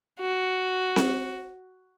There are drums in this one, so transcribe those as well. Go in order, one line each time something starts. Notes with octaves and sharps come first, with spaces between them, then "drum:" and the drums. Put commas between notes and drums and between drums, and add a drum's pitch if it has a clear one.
F#4
drum: snare C4